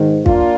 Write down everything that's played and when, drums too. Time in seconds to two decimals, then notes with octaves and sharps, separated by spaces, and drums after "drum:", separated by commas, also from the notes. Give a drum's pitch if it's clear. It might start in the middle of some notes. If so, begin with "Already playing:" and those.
Already playing: G#2 D#3
0.26 A#3 D4 F4, drum: kick